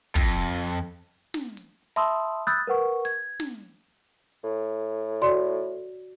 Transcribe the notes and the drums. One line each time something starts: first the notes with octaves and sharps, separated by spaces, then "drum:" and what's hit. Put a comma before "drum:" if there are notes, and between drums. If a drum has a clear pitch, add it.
F2, drum: kick
drum: snare
drum: hi-hat
E5 A5 B5 C6 D#6 E6, drum: hi-hat
B5 D#6 E6 F#6 G6 A6
A#4 B4 F#5 C#6
G#6, drum: open hi-hat
drum: snare
A2
F#4 D5 C6